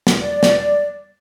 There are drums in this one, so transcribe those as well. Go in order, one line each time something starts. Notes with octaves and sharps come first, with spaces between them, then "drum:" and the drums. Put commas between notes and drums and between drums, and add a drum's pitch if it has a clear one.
drum: snare
D5
drum: snare